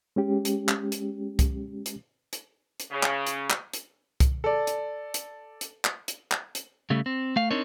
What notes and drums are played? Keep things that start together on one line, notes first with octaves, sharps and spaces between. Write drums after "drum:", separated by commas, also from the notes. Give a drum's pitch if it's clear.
G#3 C#4 G4
drum: hi-hat
drum: clap
drum: hi-hat
drum: kick C2, hi-hat
drum: hi-hat
drum: hi-hat
drum: hi-hat
C#3
drum: clap
drum: hi-hat
drum: clap
drum: hi-hat
drum: kick C2, hi-hat
A4 D5
drum: hi-hat
drum: hi-hat
drum: hi-hat
drum: clap
drum: hi-hat
drum: clap
drum: hi-hat
C#3 G3 A3
C4
A3 F5
C4 D4 D#4 A#4 C#5